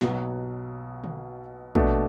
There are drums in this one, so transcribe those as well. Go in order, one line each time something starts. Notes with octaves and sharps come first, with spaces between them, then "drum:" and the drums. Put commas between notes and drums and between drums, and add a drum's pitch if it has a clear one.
B1 B2 F#3, drum: snare
drum: tom D3
B2 A3 D4, drum: kick